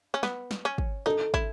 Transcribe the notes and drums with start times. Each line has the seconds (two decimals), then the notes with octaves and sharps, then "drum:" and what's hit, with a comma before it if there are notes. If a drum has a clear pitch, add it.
0.14 C#4
0.23 B3, drum: snare
0.51 drum: snare
0.65 C#4
0.78 drum: kick
1.06 D#4 A4
1.34 E4, drum: kick